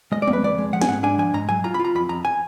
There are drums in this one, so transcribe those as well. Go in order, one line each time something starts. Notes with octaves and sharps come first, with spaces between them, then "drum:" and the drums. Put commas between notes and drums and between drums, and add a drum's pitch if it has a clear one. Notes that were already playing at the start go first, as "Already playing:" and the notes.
G#3 D#5
D5
F2, drum: tom
B4
F2 D5
G#3
F3 F#5
G#5, drum: snare
G#2 F#5
D4 G#5
F3 G#5
G#2 A#5
F#3 G#5
F4 A#5
B5
F4
A#5
F2 B5
F2 A#5
G#5